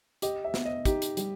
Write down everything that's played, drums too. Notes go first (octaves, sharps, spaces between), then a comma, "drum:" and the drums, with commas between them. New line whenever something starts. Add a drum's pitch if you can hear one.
G4 D#5, drum: hi-hat
E5
B3, drum: snare
D#5
D#4 G4, drum: kick, hi-hat
drum: hi-hat
G3, drum: hi-hat